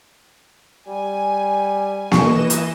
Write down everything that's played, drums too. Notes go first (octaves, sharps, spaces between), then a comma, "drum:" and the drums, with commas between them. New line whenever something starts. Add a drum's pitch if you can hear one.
G3 G#5
E3 D#5 C#6 E7, drum: snare A#3
drum: hi-hat